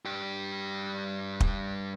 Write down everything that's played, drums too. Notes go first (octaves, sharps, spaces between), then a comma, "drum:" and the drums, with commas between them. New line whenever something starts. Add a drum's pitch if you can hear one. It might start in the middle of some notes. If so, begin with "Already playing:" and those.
G2 G4
drum: kick